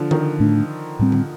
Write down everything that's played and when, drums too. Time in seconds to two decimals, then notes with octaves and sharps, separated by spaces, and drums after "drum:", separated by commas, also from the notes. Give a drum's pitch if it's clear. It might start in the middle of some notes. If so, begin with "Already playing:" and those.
Already playing: D3 F3
0.11 D#3, drum: tom D3
0.40 A2 A3 D4
0.99 A2 G3 C4
1.12 drum: tom D3